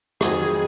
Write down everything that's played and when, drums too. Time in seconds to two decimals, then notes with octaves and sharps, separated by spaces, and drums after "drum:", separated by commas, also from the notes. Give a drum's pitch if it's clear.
0.21 F2 D#3 F#3 C4 F#4 G#4, drum: rim click